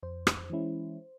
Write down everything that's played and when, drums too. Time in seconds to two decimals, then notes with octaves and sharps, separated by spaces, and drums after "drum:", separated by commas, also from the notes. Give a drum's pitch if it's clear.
0.03 F2 C5
0.27 drum: rim click
0.50 E3 G#3 C#4 E4